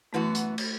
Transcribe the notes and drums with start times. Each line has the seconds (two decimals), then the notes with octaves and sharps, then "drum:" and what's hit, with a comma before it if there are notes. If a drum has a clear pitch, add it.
0.13 F#2 E3 A3 B3 F#4
0.35 drum: hi-hat
0.58 drum: cymbal